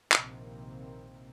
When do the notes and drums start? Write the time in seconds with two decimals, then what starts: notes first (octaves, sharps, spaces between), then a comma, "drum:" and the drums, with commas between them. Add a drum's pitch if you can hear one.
0.12 A#1 C3 D#3 A#3 C4, drum: clap